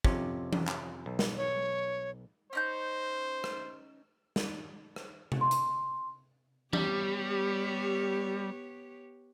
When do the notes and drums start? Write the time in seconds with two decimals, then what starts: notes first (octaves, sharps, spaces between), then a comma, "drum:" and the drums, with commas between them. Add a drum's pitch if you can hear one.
0.04 F2 C3 C#4, drum: kick
0.53 drum: tom E3
0.68 drum: clap
1.06 B1
1.19 drum: snare
1.37 C#5
2.53 C#4 D#4 C5 G6
3.44 drum: rim click
4.36 drum: snare
4.96 drum: rim click
5.32 drum: tom C3
5.41 C6
5.51 drum: hi-hat
6.73 G3 B3 G4 C#5, drum: tom E3